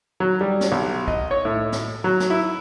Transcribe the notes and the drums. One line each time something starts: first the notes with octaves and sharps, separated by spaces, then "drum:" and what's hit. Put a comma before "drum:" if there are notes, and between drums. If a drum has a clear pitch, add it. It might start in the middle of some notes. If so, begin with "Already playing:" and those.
F#3
G3
drum: snare
B1
D#5, drum: kick
C#5
A2
drum: snare
F#3
drum: snare
E4